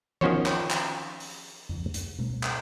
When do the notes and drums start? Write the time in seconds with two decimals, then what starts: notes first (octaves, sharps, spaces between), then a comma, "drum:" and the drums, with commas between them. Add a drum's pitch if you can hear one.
0.21 D#3 F3 C#4 F#4 C5 C#5, drum: tom E3
0.46 drum: clap
0.71 drum: clap
1.20 drum: open hi-hat
1.69 drum: tom F2
1.94 drum: hi-hat
2.19 drum: tom B2
2.43 drum: clap